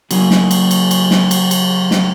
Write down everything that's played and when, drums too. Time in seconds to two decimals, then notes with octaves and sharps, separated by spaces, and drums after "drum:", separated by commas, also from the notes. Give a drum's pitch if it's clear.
0.11 C#3 F#3, drum: cymbal
0.31 drum: snare
0.51 drum: cymbal
0.71 drum: cymbal
0.91 drum: cymbal
1.11 drum: snare
1.31 drum: cymbal
1.51 drum: cymbal
1.91 drum: snare